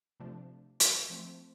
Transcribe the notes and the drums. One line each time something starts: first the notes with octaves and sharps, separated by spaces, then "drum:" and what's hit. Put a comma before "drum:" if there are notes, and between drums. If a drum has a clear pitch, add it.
C3 F3 A3 D4
drum: hi-hat
F3 A3 C4